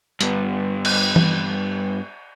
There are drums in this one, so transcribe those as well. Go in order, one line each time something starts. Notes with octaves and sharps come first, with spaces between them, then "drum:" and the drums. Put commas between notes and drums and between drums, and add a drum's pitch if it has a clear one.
G2 B3, drum: hi-hat
drum: cymbal
drum: tom E3